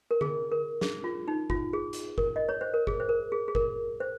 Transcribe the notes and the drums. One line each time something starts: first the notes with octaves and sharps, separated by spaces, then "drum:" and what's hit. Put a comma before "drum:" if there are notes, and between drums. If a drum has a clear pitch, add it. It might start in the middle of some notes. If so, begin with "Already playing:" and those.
A#4
G#4, drum: tom D3
A#4
G#4, drum: snare
F4
D#4
F4, drum: kick G1
G#4
drum: hi-hat
A#4, drum: kick G1
D#5
C#5
C5
A#4
G#4, drum: kick G1
C5
A#4
G#4
G#4
A#4, drum: kick G1
C5